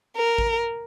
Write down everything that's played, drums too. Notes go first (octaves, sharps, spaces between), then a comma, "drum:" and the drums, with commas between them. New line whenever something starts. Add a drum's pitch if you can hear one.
A#4
drum: kick A1